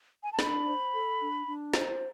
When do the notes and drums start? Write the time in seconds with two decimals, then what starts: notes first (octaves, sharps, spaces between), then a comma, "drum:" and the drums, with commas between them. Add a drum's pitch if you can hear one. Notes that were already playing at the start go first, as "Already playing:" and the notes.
0.24 G#5
0.31 A5
0.39 D4 B5, drum: snare
0.65 C5
0.93 A4
1.20 D4
1.46 D4
1.74 C5, drum: snare